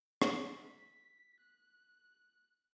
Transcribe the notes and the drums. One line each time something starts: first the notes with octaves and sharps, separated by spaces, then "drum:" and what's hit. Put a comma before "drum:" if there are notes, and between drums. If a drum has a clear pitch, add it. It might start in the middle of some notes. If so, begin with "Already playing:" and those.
E5, drum: rim click
B6
F#6